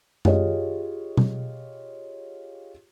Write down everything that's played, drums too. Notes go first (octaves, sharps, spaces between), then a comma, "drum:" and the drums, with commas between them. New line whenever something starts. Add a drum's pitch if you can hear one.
F4 G4 G#4 C#5 D#5, drum: tom F#2
drum: tom B2